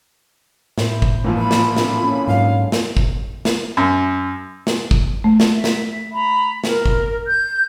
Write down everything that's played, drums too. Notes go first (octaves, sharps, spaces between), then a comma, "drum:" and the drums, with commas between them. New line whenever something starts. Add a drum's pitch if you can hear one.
A2 E4 C5, drum: snare
drum: kick
A#2 E3 F3
B5
drum: snare
C4 D4 A4, drum: snare
C#4 F4
G#2 F#3 G#3 F5
drum: snare
drum: kick
drum: snare
F#2
drum: snare
drum: kick
A3
drum: snare
E5
drum: snare
A#5 B5
A#4, drum: snare
drum: kick
G6